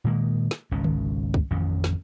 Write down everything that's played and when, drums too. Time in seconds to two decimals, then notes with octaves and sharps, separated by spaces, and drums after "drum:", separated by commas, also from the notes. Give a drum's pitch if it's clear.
0.04 A#2 D#3 G#3 A#3
0.51 drum: snare
0.71 G#1 C#2 B2 C#4
0.84 drum: tom D3
1.34 drum: kick
1.51 A1 F2 D#3 C#4
1.84 drum: snare